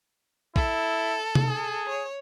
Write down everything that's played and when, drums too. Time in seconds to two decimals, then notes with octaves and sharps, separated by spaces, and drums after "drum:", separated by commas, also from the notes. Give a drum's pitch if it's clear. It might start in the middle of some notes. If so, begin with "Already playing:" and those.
0.56 E4 A4, drum: kick A#1
1.35 drum: tom C3
1.47 G#4
1.89 C#5